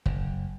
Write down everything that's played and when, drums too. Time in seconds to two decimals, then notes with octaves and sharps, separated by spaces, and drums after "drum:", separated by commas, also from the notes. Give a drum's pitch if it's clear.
0.06 F#1, drum: kick